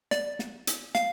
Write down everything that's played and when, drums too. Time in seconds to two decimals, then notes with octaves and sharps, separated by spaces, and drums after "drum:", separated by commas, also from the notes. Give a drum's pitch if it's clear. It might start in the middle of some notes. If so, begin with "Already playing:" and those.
0.11 D5, drum: snare
0.39 drum: snare
0.67 drum: hi-hat
0.95 F5, drum: snare